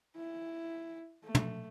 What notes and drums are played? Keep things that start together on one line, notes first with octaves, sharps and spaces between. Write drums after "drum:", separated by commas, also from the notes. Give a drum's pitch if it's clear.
E4
A3
drum: tom